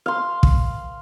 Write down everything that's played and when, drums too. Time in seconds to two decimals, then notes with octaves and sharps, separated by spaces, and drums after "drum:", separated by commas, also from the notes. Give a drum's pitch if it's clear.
0.06 F5 C6
0.43 drum: kick